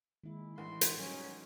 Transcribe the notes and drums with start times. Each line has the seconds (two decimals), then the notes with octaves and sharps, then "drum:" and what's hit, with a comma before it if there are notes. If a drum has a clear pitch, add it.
0.24 D#3 G#3 A#3 E4
0.58 A1 E3 F#5 C6
0.81 drum: hi-hat
0.98 F#3 G3 C#4 D#4